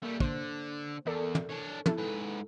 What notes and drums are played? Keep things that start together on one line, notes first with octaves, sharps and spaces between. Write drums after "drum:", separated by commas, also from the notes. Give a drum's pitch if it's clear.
G3 A3 A#3
D3 C5, drum: kick
E2 A4 A#4 D5
drum: tom
D4 C#5
E4 A4, drum: tom
G#2 B4